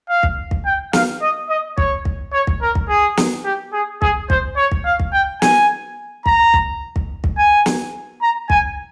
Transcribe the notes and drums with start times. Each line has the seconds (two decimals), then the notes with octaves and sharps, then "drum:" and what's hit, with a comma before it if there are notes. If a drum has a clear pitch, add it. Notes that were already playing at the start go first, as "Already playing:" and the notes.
0.09 F5
0.23 drum: kick
0.51 drum: kick
0.66 G5
0.93 F5, drum: snare
1.21 D#5
1.49 D#5
1.78 C#5, drum: kick
2.05 drum: kick
2.33 C#5
2.47 drum: kick
2.62 A#4
2.75 drum: kick
2.89 G#4
3.17 drum: snare
3.45 G4
3.73 G#4
4.02 G#4, drum: kick
4.30 C5, drum: kick
4.57 C#5
4.72 drum: kick
4.85 F5
5.00 drum: kick
5.13 G5
5.42 G#5, drum: snare
6.26 A#5, drum: kick
6.54 drum: kick
6.96 drum: kick
7.24 drum: kick
7.38 G#5
7.66 drum: snare
8.22 A#5
8.50 G#5, drum: kick